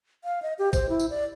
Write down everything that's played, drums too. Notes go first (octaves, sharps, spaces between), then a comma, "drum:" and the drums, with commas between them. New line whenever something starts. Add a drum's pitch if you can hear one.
F5
D#5
G4
C5, drum: kick A1, tambourine
E4
drum: tambourine
D5